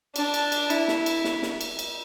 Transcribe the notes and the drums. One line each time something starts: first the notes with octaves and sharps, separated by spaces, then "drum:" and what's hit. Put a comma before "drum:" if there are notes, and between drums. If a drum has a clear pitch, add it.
D4, drum: cymbal
drum: cymbal
drum: cymbal
E4, drum: cymbal
drum: snare
drum: cymbal
drum: snare
drum: snare
drum: cymbal
drum: cymbal